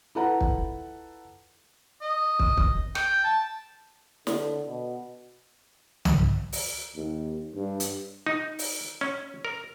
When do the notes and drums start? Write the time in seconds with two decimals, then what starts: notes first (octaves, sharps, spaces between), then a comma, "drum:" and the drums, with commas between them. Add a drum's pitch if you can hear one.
0.15 E4 F4 A4 B4 F#5 A#5
0.41 drum: kick
2.01 D#5
2.39 drum: kick
2.58 drum: kick
2.95 G5, drum: rim click
3.24 A5
4.27 D3, drum: snare
4.66 B2
6.05 drum: tom C2
6.53 drum: open hi-hat
6.96 D#2
7.55 G2
7.80 drum: hi-hat
8.27 D#4
8.59 drum: open hi-hat
9.01 C#4
9.45 A#4